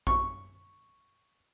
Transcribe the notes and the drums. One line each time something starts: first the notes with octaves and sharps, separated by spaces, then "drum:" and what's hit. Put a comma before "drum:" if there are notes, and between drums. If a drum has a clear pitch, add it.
C#6, drum: kick